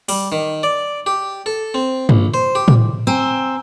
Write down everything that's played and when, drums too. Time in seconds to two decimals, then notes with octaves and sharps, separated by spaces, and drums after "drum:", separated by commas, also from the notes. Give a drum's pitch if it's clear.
0.09 G3, drum: open hi-hat
0.32 D#3
0.63 D5
1.06 G4
1.46 A4
1.74 C4
2.09 A#1, drum: tom G2
2.34 C5
2.55 G4
2.68 drum: tom A2
3.07 C4 G#5 A#5 E6